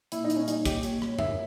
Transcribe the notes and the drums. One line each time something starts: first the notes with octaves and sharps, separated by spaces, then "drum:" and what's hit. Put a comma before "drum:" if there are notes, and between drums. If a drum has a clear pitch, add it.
A#2 E4, drum: hi-hat
D#4
A#2, drum: hi-hat
C#4
G3 D#4, drum: hi-hat
A#2 G4, drum: kick, hi-hat
A#2 C#5, drum: hi-hat
G3, drum: rim click
A#3 E5, drum: tom F2